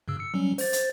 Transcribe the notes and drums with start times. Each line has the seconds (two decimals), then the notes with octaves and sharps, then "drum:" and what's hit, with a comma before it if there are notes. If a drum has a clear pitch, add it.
0.08 G2 C#3 E6
0.19 E6 C#7
0.34 F#3 G3 C#4
0.58 C5 A6, drum: open hi-hat
0.73 drum: hi-hat